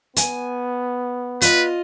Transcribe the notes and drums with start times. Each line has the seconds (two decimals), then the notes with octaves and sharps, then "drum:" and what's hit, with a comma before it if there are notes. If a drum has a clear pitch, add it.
0.16 B3 G#5, drum: hi-hat
1.41 F4 B4 D#5, drum: hi-hat